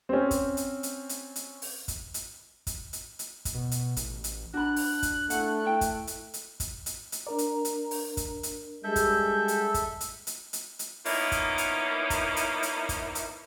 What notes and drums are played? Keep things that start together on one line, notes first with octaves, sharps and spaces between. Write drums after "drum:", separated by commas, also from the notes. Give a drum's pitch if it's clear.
C4 C#4
drum: kick, hi-hat
drum: hi-hat
drum: hi-hat
drum: hi-hat
drum: hi-hat
drum: open hi-hat
drum: kick, hi-hat
drum: hi-hat
drum: kick, hi-hat
drum: hi-hat
drum: hi-hat
drum: kick, hi-hat
B2
drum: hi-hat
A1, drum: hi-hat
drum: hi-hat
D4 F#4 B5 F#6
drum: open hi-hat
drum: kick, hi-hat
A3 E4 F#5, drum: hi-hat
E4 G5
drum: kick, hi-hat
drum: hi-hat
drum: hi-hat
drum: kick, hi-hat
drum: hi-hat
drum: hi-hat
D4 A#4 D5 A#5
drum: hi-hat
drum: hi-hat
drum: open hi-hat
drum: kick, hi-hat
drum: hi-hat
G3 G#3 A4 E5 G6
drum: kick, hi-hat
drum: hi-hat
drum: kick, hi-hat
drum: hi-hat
drum: hi-hat
drum: hi-hat
drum: hi-hat
F3 A#3 B3 C#4 D#4 E4, drum: open hi-hat
drum: kick, hi-hat
drum: hi-hat
drum: kick, hi-hat
drum: hi-hat
drum: hi-hat
drum: kick, hi-hat
drum: hi-hat